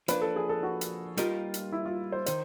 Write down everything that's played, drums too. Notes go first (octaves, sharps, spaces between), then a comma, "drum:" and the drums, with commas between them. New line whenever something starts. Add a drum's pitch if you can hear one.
F3 A#3 D4 B4, drum: hi-hat
A4
G#4
A4
F#4
drum: hi-hat
G3 A#3 D#4 F4 G4 A#4, drum: hi-hat
drum: hi-hat
E4
F4
C5
D#3 C5, drum: hi-hat